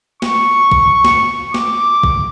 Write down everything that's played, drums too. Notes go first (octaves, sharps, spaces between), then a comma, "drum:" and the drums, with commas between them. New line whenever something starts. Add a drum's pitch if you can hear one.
C#6, drum: snare
drum: kick
drum: snare
D6, drum: snare
drum: kick